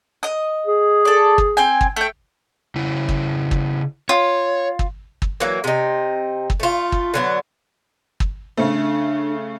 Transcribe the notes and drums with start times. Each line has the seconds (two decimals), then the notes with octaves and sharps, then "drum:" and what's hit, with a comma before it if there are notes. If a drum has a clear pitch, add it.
0.23 D#5 D#6
0.66 G#4
1.05 A4 D5
1.38 drum: kick
1.57 C4 G5 G#5
1.81 drum: kick
1.96 A3 G5
2.75 C#3 E4
3.09 drum: kick
3.51 drum: kick
4.09 F4 C#5
4.79 drum: kick
5.22 drum: kick
5.40 E3 F#3 A#3
5.64 C3 D#4
6.50 drum: kick
6.60 A3 F4
6.92 drum: kick
7.14 D3 F#3 B3
8.20 drum: kick
8.57 C#3 A3 D4